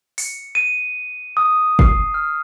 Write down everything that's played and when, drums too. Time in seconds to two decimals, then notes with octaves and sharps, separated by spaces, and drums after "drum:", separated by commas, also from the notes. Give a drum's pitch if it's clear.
0.18 C#7, drum: open hi-hat
0.55 D#7
1.37 D#6
1.79 C7, drum: kick
2.14 F6